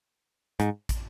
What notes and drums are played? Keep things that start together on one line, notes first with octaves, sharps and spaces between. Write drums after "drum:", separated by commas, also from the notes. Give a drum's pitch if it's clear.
G#2, drum: hi-hat
drum: kick, hi-hat